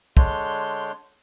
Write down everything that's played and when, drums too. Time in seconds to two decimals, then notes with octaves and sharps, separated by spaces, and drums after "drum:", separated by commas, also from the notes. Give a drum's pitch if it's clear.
0.17 D3 G#3 D4 C#5 C6 G6, drum: kick